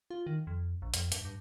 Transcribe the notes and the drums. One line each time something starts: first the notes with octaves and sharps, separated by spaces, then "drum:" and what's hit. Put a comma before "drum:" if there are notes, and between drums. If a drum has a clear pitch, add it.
F4
D#3
F2
A#1
F2, drum: hi-hat
G2, drum: hi-hat
G2